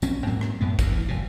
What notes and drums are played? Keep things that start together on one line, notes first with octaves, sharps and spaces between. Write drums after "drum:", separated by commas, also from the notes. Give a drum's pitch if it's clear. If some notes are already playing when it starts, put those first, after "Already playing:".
A#1 C4 C#4, drum: tambourine
G#2 F#3 A#3
drum: rim click
F#2 A2 B3
F#1 D2 G2, drum: kick, tambourine
E3
F#1 B2